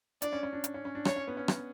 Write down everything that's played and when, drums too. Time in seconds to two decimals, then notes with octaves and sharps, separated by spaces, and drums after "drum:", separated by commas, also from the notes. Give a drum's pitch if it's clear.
0.22 D4 D5, drum: hi-hat
0.33 C#4
0.43 C#4
0.53 D4
0.64 drum: hi-hat
0.74 C#4
0.85 C#4
0.95 D4
1.05 D4 C#5, drum: rim click
1.16 C#4
1.27 B3
1.37 C#4
1.48 drum: rim click